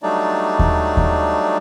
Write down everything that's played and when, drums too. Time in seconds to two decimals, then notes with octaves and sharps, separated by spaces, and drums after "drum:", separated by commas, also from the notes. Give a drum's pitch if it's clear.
0.03 F#3 G3 A3 D4 D#4 D5
0.59 drum: kick D#2
0.97 drum: kick D#2